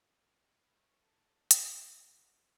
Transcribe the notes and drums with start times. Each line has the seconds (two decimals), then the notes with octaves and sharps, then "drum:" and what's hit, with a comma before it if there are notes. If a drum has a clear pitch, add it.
0.18 A#3
0.56 B4
0.76 C#6
1.01 A4
1.51 drum: hi-hat
1.61 E4
1.76 D#5
2.00 F#5